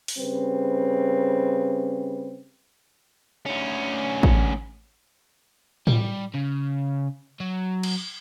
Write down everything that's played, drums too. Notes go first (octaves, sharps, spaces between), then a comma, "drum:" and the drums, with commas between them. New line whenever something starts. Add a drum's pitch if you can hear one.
drum: open hi-hat
C#3 G3 C4 B4
D2 C#4
drum: kick A1
G3, drum: tom A2
C#3
F#3
drum: cymbal